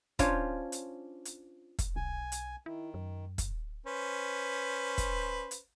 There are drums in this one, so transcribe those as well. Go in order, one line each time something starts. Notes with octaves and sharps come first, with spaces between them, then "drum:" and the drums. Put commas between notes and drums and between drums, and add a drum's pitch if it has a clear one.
C#4 D4 F4 C5 C#5, drum: kick, hi-hat
drum: hi-hat
drum: hi-hat
drum: kick, hi-hat
B1 G#5
drum: hi-hat
D#3 E4
F#2
drum: kick, hi-hat
C#4 B4 C5
drum: kick, hi-hat
drum: hi-hat